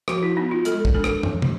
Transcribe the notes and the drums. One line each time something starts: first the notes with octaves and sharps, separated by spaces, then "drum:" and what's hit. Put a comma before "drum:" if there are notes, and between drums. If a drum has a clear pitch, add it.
F3 F#4, drum: rim click
E4
B3 D#4
F4
G#3 A4, drum: hi-hat
drum: kick
D4 A4
drum: rim click
F3, drum: tom
drum: tom